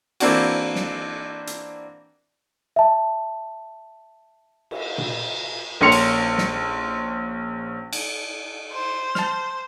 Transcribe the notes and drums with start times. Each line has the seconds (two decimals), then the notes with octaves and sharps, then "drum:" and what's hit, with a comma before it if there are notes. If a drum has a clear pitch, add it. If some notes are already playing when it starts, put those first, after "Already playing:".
0.20 E3 A#3 C4 D4 E4 F#4, drum: cymbal
0.75 drum: snare
1.47 drum: hi-hat
2.76 E5 A5
4.71 drum: cymbal
4.98 drum: tom A#2
5.81 A#1 A#3 C#4 C6 C#7 F7
5.92 drum: cymbal
6.38 drum: snare
7.93 drum: cymbal
8.73 C5
9.15 A5 F6, drum: snare